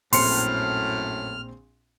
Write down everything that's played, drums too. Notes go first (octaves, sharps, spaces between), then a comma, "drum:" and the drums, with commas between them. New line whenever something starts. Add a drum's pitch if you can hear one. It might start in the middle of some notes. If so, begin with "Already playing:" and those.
A#1 F#2 A2 C4 C6 F6 C#7, drum: open hi-hat